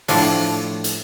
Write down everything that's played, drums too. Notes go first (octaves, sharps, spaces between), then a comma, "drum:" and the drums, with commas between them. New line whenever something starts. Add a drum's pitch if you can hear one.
A2 F3 A3 D4, drum: open hi-hat
drum: hi-hat